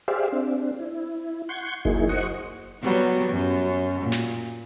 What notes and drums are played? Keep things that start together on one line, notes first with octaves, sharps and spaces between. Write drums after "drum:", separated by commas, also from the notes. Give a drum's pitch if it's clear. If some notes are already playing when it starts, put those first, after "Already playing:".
G4 G#4 C5 D5 E5 F5
C4 D4
E4
F#5 C6 C#6 G6 G#6
F#3 A#3 D#4 E4 G#4, drum: kick F#1
C5 D#5 F#5 C#6
F#3 G3 B3
F#2
A#2
drum: snare